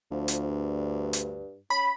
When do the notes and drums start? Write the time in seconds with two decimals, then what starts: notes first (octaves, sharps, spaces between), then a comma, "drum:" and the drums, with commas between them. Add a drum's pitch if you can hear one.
0.11 D2 F3
0.28 drum: hi-hat
0.48 G2
1.13 drum: hi-hat
1.70 C#4 B5